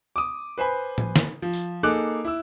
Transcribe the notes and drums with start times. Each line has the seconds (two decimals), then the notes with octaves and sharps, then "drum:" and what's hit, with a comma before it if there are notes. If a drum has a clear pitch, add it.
0.16 D6 D#6
0.58 B4 C5 G#5 B5
0.98 drum: tom A2
1.16 drum: snare
1.42 F3
1.53 drum: tambourine
1.83 A#3 D#4 G#4 A4 D6 F#6
2.25 E4 E6